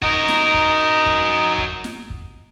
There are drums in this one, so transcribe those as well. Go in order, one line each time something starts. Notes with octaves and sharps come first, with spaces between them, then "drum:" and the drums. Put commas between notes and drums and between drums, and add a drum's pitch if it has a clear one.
D#4 F#4 A#4, drum: kick
drum: snare
drum: kick
drum: kick
drum: kick
drum: snare
drum: kick